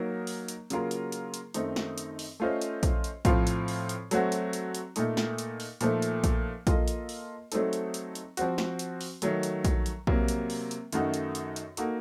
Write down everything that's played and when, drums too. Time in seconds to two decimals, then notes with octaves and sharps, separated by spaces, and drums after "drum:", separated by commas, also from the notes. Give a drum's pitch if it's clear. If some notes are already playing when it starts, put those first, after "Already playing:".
Already playing: F#3 A#3 D#4 A#4
0.27 drum: open hi-hat
0.48 drum: hi-hat
0.70 C#3 F#3 A#3 F4 A#4, drum: hi-hat
0.91 drum: hi-hat
1.12 drum: hi-hat
1.34 drum: hi-hat
1.54 F#2 D#3 A3 C4 D#4, drum: hi-hat
1.76 drum: snare
1.98 drum: hi-hat
2.19 drum: open hi-hat
2.40 A3 C#4 F4 C5 D#5
2.61 drum: hi-hat
2.83 drum: kick A#1, hi-hat
3.04 drum: hi-hat
3.25 A2 F3 C4 F4, drum: kick A#1, hi-hat
3.47 drum: hi-hat
3.68 drum: open hi-hat
3.89 drum: hi-hat
4.11 F#3 A3 C4 F#4, drum: hi-hat
4.32 drum: hi-hat
4.53 drum: hi-hat
4.75 drum: hi-hat
4.96 A#2 A3 D#4, drum: hi-hat
5.17 drum: snare
5.38 drum: hi-hat
5.60 drum: open hi-hat
5.81 A#2 F3 A3 D#4, drum: hi-hat
6.02 drum: hi-hat
6.24 drum: kick A#1, hi-hat
6.67 A#3 F4 A4 D#5, drum: kick A#1, hi-hat
6.88 drum: hi-hat
7.09 drum: open hi-hat
7.52 F#3 A3 C4 D#4 A4, drum: hi-hat
7.73 drum: hi-hat
7.94 drum: hi-hat
8.15 drum: hi-hat
8.37 F3 C4 F#4, drum: hi-hat
8.58 drum: snare
8.79 drum: hi-hat
9.01 drum: open hi-hat
9.22 D#3 F#3 A3, drum: hi-hat
9.43 drum: hi-hat
9.65 drum: kick A#1, hi-hat
9.86 drum: hi-hat
10.07 C3 F#3 A#3, drum: kick A#1
10.28 drum: hi-hat
10.50 drum: open hi-hat
10.71 drum: hi-hat
10.92 F#2 D#3 A3 D#4 F#4, drum: hi-hat
11.14 drum: hi-hat
11.35 drum: hi-hat
11.56 drum: hi-hat
11.77 A#3 D#4 F#4 A4, drum: hi-hat